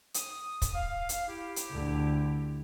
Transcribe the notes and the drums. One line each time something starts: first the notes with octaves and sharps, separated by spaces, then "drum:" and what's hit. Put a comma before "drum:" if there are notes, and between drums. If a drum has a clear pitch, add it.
D#6, drum: hi-hat
drum: kick, hi-hat
F5
drum: hi-hat
E4 G4
drum: hi-hat
D2 D3